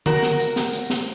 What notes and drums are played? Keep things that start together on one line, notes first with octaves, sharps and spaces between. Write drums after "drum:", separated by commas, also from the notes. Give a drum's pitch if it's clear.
F#4 A#4, drum: tom D3
drum: snare
drum: hi-hat
drum: snare
drum: hi-hat
drum: snare